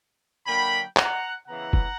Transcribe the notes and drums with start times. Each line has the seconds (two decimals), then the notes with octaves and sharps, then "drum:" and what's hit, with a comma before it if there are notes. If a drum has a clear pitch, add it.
0.46 D3 F#3 A#3 D4 G5 B5
0.97 F#5 A#5, drum: clap
1.48 C#3 E3 B3 E4 F#5 A#5
1.73 drum: kick